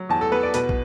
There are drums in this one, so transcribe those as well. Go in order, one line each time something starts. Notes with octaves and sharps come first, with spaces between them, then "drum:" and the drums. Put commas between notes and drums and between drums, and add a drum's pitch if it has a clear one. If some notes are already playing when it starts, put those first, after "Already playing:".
Already playing: F#3
E2 A5
A4
B3 B4
D5
B2 B4, drum: hi-hat
drum: kick